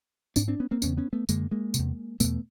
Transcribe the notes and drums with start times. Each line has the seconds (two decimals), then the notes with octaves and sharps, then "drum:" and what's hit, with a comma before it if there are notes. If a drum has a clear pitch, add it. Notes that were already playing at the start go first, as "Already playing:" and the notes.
0.36 G#2 C4 D4, drum: tambourine
0.48 C4 D4
0.60 B3 C#4
0.71 A#3 C4
0.82 E2 C#3 B3 C#4, drum: tambourine
0.97 B3 C#4
1.13 A3 B3
1.29 F#2 D3 G#3 A#3, drum: tambourine
1.51 G#3 A#3
1.74 E2 C3, drum: tambourine
2.20 E2 B2 A3 B3, drum: tambourine